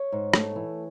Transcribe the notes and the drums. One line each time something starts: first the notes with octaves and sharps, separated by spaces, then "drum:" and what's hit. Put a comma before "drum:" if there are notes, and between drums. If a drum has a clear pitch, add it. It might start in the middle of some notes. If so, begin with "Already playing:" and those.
Already playing: C#5
G#2
A3, drum: rim click
E3